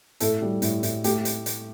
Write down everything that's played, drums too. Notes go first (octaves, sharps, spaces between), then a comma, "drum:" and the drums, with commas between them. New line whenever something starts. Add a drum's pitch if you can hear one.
A2 A4, drum: hi-hat
G3
A2, drum: hi-hat
A2, drum: hi-hat
A3 G4, drum: hi-hat
drum: hi-hat
drum: hi-hat